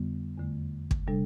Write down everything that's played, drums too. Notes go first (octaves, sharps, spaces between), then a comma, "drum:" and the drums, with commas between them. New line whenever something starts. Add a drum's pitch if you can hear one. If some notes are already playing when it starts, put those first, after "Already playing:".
Already playing: F2 D3 G3 B3
E2 D3 A3
drum: kick
C3 G3 D4 A4